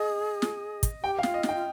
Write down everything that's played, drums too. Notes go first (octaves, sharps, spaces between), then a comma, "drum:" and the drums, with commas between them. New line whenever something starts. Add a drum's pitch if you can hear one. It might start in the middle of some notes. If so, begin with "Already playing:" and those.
Already playing: G#4 D#5
drum: snare
drum: kick, hi-hat
G4 G5
F5
F4, drum: snare
D#5
D#4, drum: snare
G5
F4